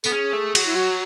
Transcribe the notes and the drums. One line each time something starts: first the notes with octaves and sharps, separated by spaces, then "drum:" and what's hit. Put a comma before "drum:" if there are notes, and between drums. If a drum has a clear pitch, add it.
B3 A4, drum: tambourine
C#4 G#4
A3
F#3, drum: cymbal
E4
F#4